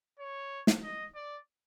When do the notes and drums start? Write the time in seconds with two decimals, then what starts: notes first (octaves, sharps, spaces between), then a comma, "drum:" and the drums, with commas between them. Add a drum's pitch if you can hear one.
0.19 C#5
0.67 drum: snare
0.83 D#5
1.15 D5